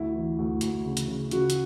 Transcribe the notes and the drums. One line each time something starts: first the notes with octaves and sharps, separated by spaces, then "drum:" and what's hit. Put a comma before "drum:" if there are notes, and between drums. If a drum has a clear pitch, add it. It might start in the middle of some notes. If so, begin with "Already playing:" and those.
Already playing: D2 E4
E3
D2
D2, drum: hi-hat
C#3
drum: hi-hat
C#3
C#3 F#4, drum: hi-hat
drum: hi-hat